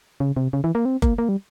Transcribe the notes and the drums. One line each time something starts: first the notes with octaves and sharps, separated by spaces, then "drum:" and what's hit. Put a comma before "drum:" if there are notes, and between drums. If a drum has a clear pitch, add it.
C#3
C3
C#3
E3
A#3
C4
A#3, drum: kick F#1
A#3
G3